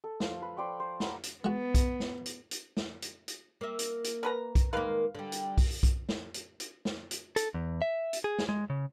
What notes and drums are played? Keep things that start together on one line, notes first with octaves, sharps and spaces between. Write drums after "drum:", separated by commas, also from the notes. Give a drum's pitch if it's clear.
A4
F3 F5, drum: snare
B4
C5 D5 G5 C#6
C5
B4 F#5 A#5, drum: snare
drum: hi-hat
G#3 B3 F#4
drum: kick B1, hi-hat
drum: snare
drum: hi-hat
drum: hi-hat
drum: snare
drum: hi-hat
drum: hi-hat
A#3 E5
drum: hi-hat
drum: hi-hat
A#4 B4 A#5
drum: kick B1, hi-hat
D#3 G#3 A#3 A#4 B4 F5
D3 G3
drum: hi-hat
drum: kick B1, open hi-hat
drum: kick B1, hi-hat
drum: snare
drum: hi-hat
drum: hi-hat
drum: snare
drum: hi-hat
A4, drum: hi-hat
E2
E5
drum: hi-hat
G#4
drum: snare
G#3
C#3